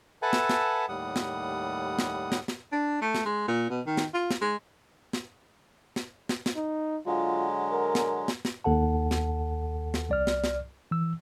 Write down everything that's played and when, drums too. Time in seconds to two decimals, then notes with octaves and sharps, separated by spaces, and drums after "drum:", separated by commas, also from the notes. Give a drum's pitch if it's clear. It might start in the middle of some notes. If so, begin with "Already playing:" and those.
0.22 A4 B4 E5 F#5 G#5 A5
0.33 drum: snare
0.49 drum: snare
0.89 D#2 A2 G3 F#5 D#6
1.16 drum: snare
1.99 drum: snare
2.32 drum: snare
2.48 drum: snare
2.72 D4
3.02 A3
3.15 drum: snare
3.26 G#3
3.48 A#2
3.70 B2
3.86 D#3
3.97 drum: snare
4.14 F4
4.31 drum: snare
4.41 G#3
5.13 drum: snare
5.96 drum: snare
6.29 drum: snare
6.46 drum: snare
6.55 D#4
7.06 D3 F#3 G#3 F4
7.71 A#4
7.95 drum: snare
8.28 drum: snare
8.45 drum: snare
8.64 D#2 A4 F#5 A5
9.11 drum: snare
9.94 drum: snare
10.09 C2 D5 F6
10.27 drum: snare
10.44 drum: snare
10.91 E3 E6